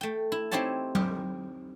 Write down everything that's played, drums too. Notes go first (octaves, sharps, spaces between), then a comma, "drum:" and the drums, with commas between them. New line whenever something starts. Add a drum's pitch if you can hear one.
A3 G5
E4
C4 D#4 E4 G4 C#5 A5
G4, drum: tom F#3